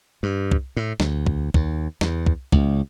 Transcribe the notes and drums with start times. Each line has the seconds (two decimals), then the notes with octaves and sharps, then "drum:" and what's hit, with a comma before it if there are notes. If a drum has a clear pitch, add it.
0.23 G2
0.52 drum: kick
0.77 A2
1.00 D2, drum: snare
1.27 drum: kick
1.54 D#2, drum: kick
2.01 E2, drum: snare
2.26 drum: kick
2.52 C#2, drum: kick